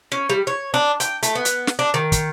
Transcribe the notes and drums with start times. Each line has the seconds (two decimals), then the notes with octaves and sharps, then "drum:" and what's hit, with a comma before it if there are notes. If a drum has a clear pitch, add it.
0.12 C#4
0.29 G3
0.47 C#5
0.74 D4
1.00 G5, drum: hi-hat
1.23 A3, drum: hi-hat
1.35 B3
1.45 drum: hi-hat
1.67 drum: snare
1.79 D4
1.94 D#3
2.12 drum: kick, hi-hat